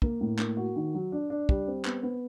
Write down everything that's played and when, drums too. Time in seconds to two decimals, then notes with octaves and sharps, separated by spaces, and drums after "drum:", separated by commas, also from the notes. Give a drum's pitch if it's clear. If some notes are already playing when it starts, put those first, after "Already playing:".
0.02 A#3, drum: kick
0.21 A2
0.39 A#3, drum: clap
0.57 F#4
0.76 D#3
0.94 F#3
1.12 D4
1.30 D4
1.49 G3, drum: kick
1.68 C4
1.85 B3, drum: clap
2.03 B3